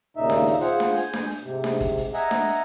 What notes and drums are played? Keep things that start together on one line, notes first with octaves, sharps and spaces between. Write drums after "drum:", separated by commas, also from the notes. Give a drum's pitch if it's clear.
D#2 A#2 C#3 D#4 E5
drum: snare D4
drum: hi-hat
F4 G#4 C5 F#5, drum: hi-hat
drum: snare D4
G#5 G6, drum: hi-hat
drum: snare D4
drum: hi-hat
G#2 C3
drum: snare D4
drum: kick, hi-hat
drum: hi-hat
D#5 E5 F#5 G#5 A#5, drum: hi-hat
drum: snare D4
drum: hi-hat